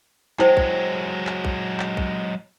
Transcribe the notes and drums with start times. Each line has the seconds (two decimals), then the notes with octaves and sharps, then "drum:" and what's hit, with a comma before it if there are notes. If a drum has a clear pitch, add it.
0.39 F#3 G#3 E4 C5 G5, drum: clap
0.57 drum: kick
1.27 drum: clap
1.45 drum: kick
1.80 drum: clap
1.97 drum: kick